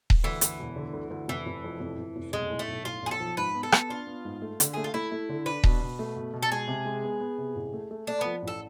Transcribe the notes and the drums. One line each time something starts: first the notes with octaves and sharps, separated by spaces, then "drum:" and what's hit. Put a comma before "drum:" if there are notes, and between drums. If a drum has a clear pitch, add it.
drum: kick D#1
D2 E3
D2, drum: hi-hat
E1
D3
D2
D2
F1 E3
F1
F2
F1
F1
F1
B1 G#3
A2
A3
B1
A2 F4
B1 G#4
A4
F3
G#2 B4
B3
A4
B3, drum: rim click
D4 F4
B3
G#2
A3
D3, drum: hi-hat
A3 G#4
F4
A3 E4
A3
D3
D4 B4
B2, drum: kick D#1
B2
A3
B2
B2
A4
G#3 G#4
C3
G#3
B3
B3
C3
A1
A3
A3
A3 D4
F3 B3
A1 A4